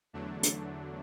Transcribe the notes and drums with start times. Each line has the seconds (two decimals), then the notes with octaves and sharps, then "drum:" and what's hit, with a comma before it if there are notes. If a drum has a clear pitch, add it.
0.13 E2 D3 F#3 A3 D4
0.43 drum: hi-hat